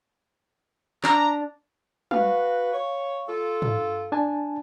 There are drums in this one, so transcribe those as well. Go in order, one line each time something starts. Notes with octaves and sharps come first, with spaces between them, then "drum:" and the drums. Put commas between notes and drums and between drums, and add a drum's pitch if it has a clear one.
D4 A#5, drum: clap
F#4 B4 F5, drum: tom
C#5
F4 A4
drum: tom
D4 G#5 A5